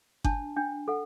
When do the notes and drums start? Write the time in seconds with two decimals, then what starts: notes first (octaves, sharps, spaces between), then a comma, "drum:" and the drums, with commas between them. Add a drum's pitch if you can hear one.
0.24 D4 A5, drum: kick G1
0.56 D4 G5
0.88 A4 F#5